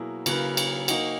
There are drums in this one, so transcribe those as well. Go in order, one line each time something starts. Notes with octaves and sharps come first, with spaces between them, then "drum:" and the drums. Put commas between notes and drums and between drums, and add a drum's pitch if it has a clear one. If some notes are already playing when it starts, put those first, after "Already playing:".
Already playing: B2 F#3 A#3 E4 G#4
C#3 F#3 A#3 E4 B4, drum: cymbal
drum: cymbal
A#3 D#4 F#4, drum: cymbal